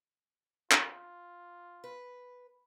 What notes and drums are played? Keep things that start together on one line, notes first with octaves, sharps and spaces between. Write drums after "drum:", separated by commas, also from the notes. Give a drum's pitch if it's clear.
F4, drum: clap
B4